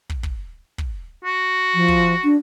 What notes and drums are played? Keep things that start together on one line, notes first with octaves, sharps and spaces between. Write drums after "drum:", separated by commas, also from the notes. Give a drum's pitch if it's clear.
drum: kick
drum: kick
drum: kick
F#4
F3
drum: kick
D4